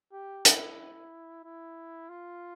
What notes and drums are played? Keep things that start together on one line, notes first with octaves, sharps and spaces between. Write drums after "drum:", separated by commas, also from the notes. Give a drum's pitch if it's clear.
G4
E4, drum: hi-hat
E4
F4